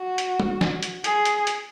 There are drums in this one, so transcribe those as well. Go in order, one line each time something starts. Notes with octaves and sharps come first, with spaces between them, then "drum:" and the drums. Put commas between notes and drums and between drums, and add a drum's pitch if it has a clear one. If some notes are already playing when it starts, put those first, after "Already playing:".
Already playing: F#4
drum: hi-hat
drum: tom
drum: snare
drum: hi-hat
G#4, drum: hi-hat
drum: hi-hat
drum: hi-hat